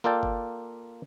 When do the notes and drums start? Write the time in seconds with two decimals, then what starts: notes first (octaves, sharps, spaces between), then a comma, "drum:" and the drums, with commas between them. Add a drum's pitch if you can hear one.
0.04 A#3 F4 A4 D5 G5 A5
0.23 drum: kick G1